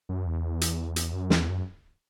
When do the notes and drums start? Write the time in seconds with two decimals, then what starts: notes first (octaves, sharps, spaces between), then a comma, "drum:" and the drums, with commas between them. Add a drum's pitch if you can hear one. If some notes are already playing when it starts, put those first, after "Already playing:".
0.09 F#2
0.26 E2
0.61 drum: hi-hat
0.96 drum: hi-hat
1.13 F#2
1.30 E2, drum: snare
1.49 F#2